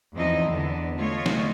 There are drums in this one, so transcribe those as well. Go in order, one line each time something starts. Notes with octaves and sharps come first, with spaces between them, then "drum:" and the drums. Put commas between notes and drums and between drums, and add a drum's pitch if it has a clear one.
E2 F3 C4 D#4 E4 D#5
E2 D3 B3
A3 F4 C#5 D#5
drum: snare